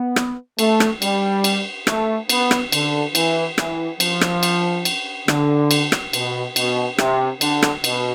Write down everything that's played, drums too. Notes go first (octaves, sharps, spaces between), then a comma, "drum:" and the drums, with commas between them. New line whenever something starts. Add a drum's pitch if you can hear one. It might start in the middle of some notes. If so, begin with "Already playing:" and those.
Already playing: B3
drum: rim click
A3, drum: cymbal
drum: rim click
G3, drum: cymbal
drum: cymbal
A3, drum: rim click
B3, drum: cymbal
drum: rim click
D3, drum: cymbal
E3, drum: cymbal
E3, drum: rim click
F3, drum: cymbal
drum: rim click
drum: cymbal
drum: cymbal
D3, drum: rim click
drum: cymbal
drum: rim click
B2, drum: cymbal
B2, drum: cymbal
C3, drum: rim click
D3, drum: cymbal
drum: rim click
B2, drum: cymbal